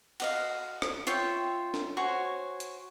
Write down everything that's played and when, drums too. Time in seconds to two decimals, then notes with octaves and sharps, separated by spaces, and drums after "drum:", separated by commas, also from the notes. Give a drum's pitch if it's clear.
0.20 F#4 D#5 F5, drum: cymbal
0.82 drum: rim click
1.07 F4 C#5 E5 G5, drum: hi-hat
1.74 drum: snare
1.97 F#4 C5 C#5 G#5
2.60 drum: hi-hat